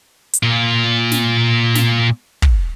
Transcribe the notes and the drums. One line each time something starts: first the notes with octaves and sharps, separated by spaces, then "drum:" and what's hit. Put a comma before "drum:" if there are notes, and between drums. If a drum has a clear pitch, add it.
drum: hi-hat
A#2 F4
drum: snare
drum: snare
drum: kick